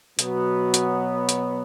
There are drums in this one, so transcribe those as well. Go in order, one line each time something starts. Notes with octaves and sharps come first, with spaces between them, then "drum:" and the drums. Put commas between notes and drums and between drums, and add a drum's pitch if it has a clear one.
B2 F#3 B3, drum: hi-hat
drum: hi-hat
drum: hi-hat